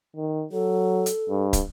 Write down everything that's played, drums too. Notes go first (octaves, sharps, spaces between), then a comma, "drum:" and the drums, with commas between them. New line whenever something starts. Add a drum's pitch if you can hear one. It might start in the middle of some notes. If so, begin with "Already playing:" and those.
D#3
F#3 A4
drum: hi-hat
G2
drum: kick, hi-hat